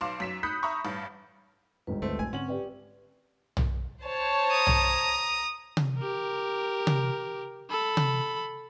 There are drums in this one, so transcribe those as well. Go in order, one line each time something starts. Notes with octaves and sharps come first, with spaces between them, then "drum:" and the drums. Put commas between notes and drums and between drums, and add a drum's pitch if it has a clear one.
B1 F5 C6 D6 E7
F#2 B6 E7
B5 D#6 F#6 G6 B6 C#7
E5 A#5 B5 C#6 D#6
A1 G2
G1 D#2 G#2 B4
D2 A3 C4
A#1 A3 G#5
G#2 D3 C4 C#4 F#5 F#7
G4 B4 D5 G5
drum: tom
C5 C#5 A5
A#5 D#6
drum: tom
drum: tom C3
G4 A#4
drum: tom C3
A4 B5
drum: tom C3